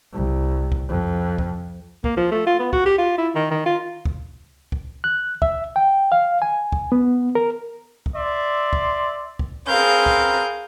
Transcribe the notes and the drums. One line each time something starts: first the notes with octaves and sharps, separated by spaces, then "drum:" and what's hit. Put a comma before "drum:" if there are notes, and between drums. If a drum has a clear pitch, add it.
C2
drum: kick C#2
F2
drum: kick C#2
A#3, drum: kick C#2
F3
A3
F4
B3
F#4, drum: kick C#2
G4
F4
E4
D#3
D#3
F4
drum: kick C#2
drum: kick C#2
F#6
E5, drum: kick C#2
G5
F5
G#5
drum: kick C#2
B3
A#4
drum: kick C#2
D5 E5 C6
drum: kick C#2
drum: kick C#2
C4 G#4 A#4 B4 F5 G6
drum: kick C#2